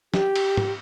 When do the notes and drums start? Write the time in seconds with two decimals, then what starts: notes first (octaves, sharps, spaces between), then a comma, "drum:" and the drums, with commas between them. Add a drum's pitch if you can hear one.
0.14 G4, drum: snare
0.36 drum: cymbal
0.57 drum: tom